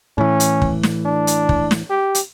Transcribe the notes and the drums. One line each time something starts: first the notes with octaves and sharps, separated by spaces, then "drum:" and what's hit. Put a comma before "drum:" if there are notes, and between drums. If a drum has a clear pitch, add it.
A2 E3 C#4
drum: hi-hat
drum: kick
drum: snare
D4
drum: hi-hat
drum: kick
drum: snare
G4
drum: hi-hat